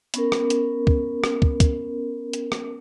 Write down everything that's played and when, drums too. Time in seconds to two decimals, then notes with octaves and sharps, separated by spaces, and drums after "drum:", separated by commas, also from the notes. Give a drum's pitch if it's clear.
0.14 B3 C#4 A#4, drum: hi-hat
0.32 drum: rim click
0.50 drum: hi-hat
0.87 drum: kick
1.24 drum: rim click
1.42 drum: kick
1.60 drum: kick, hi-hat
2.33 drum: hi-hat
2.52 drum: rim click